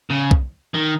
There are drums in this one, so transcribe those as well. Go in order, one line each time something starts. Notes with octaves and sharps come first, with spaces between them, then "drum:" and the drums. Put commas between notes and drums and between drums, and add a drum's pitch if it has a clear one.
C#3
drum: kick B1
D#3